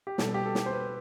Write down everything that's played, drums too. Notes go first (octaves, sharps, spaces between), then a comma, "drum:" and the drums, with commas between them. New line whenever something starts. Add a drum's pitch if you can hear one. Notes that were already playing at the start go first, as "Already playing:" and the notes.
G4
B2 G3 A4, drum: snare
G4
A4
drum: snare
C5
B4